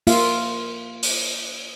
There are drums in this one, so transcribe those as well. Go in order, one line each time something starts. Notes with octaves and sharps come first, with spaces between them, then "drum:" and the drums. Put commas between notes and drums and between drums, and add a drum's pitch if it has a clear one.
A#3 F4 E5 F5, drum: open hi-hat
drum: open hi-hat